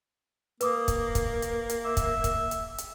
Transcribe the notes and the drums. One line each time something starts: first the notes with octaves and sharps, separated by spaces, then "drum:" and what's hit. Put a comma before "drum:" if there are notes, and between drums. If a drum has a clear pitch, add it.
A#3 B4 D6 D#6, drum: hi-hat
drum: kick, hi-hat
drum: kick, hi-hat
drum: hi-hat
drum: hi-hat
E5 D6
drum: kick, hi-hat
drum: kick, hi-hat
drum: hi-hat
drum: hi-hat